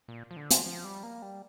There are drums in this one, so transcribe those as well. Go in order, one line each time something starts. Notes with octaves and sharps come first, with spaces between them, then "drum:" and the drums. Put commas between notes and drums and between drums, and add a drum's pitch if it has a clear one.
A#2
F3
D3
F3, drum: hi-hat
F3
G3
A#3
G3